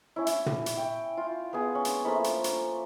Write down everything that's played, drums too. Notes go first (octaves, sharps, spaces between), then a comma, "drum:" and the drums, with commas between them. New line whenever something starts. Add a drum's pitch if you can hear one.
C#4 E4
drum: hi-hat
drum: tom
drum: hi-hat
G5
F4
B3 G#4
C#4
drum: hi-hat
F3 A3 A#3 B5
drum: hi-hat
drum: hi-hat